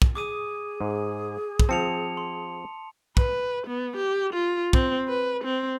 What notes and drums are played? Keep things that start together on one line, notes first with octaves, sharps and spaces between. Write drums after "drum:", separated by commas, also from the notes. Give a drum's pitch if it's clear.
drum: kick
G#4 D6 D#6 D#7
G#2
drum: kick
F3 C4 A5 C#7 F7
C6
B4, drum: kick
B3
G4
F4
C4, drum: kick
B4
C4